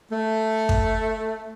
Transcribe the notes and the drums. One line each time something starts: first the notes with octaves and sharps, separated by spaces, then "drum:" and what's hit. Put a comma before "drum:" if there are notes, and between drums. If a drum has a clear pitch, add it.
A3
drum: kick